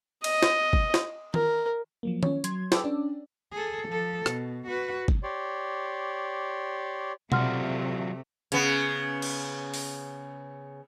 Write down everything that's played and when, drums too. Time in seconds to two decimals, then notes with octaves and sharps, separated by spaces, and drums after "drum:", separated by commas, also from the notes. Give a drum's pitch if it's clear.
0.24 D#5, drum: cymbal
0.42 drum: snare
0.73 drum: kick G1
0.94 drum: snare
1.34 A#4, drum: tom D#3
2.03 F3 F#3 A#3
2.23 C#4 C#5, drum: tom D#3
2.44 F#3 C6 G#6, drum: hi-hat
2.72 G#4 B4 G5 A5 D6 E6, drum: snare
2.84 C#4 D4 D5
3.52 G#4 A4
3.88 F3 A4
4.26 B2, drum: rim click
4.67 F#4 B4
5.08 drum: kick G1
5.23 G4 C#5 D5 C6
7.32 C3 F#3 A3 F4 D5 F#5 C6 F6, drum: tom B2
8.52 C#3 B3, drum: hi-hat
9.22 drum: cymbal
9.74 drum: open hi-hat